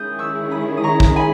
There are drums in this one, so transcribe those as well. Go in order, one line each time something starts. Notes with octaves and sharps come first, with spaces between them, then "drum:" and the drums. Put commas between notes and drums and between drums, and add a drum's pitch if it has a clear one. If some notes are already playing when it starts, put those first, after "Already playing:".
Already playing: D#3 G#3 C#4 E4 G#4 D#6 G6
C#6 E6
B5 D#6
D#6
A#5 C#6
drum: kick A#1
G#5 B5